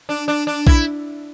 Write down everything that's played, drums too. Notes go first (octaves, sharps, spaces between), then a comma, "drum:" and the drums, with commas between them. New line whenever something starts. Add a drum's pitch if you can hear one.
D4
D4
D4
E4, drum: kick A#1